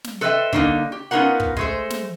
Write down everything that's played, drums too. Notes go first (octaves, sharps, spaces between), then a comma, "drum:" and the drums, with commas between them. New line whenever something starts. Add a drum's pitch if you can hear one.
drum: snare
A4 B4 C5 D#5 E5 G5
D3 G3 A#3 C#4 D#4, drum: kick
G4
B3 C#4 D#4 F4 A#4 F#5
drum: kick
G#3 A3 C5, drum: kick
drum: snare